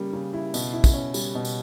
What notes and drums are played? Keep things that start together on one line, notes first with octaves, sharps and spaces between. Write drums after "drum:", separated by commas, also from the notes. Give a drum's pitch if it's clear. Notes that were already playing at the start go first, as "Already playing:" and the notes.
Already playing: C#3 G3 A#3
C#3
E4
B2, drum: tambourine
E4
drum: kick, tambourine
C#4
G3, drum: tambourine
B2
drum: tambourine